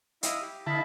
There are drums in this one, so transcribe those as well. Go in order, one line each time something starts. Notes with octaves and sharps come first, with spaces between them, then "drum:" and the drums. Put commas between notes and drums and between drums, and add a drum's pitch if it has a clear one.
E4 D#5 F5, drum: hi-hat
G4
D3 E4 D#5 F5 A5 B5